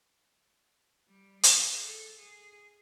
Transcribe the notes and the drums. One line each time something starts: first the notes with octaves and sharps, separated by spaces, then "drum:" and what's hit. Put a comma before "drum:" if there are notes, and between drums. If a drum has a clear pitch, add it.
G3
G#4, drum: hi-hat
A4
G#4